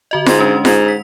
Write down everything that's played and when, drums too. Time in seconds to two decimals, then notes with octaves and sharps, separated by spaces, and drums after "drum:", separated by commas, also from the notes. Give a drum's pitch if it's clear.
0.11 D3 F#4 D#5
0.26 G#2 C6, drum: snare F4
0.39 G#3 C#4 D4
0.65 G#2 F7, drum: snare F4
0.88 B6